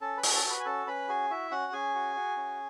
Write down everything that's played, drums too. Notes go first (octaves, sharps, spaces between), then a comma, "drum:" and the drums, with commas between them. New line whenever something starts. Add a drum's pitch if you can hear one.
C#4 A4 A5
B4 B5
F#4, drum: open hi-hat
A4 A5
F#4
B4 B5
G#5
C#4 A4 A5
C#4 B4 B5
F#4 G#4 G#5
E4 F#4 E5
C#4 F#4 F#5
C#4 G#4 G#5
F#4
F#4
C#4